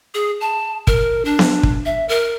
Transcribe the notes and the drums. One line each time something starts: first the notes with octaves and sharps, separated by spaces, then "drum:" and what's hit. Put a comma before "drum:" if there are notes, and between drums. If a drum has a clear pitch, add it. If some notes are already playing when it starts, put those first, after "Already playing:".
G#4
A5
A#4, drum: kick
D4
drum: snare B3
drum: kick
E5
A#4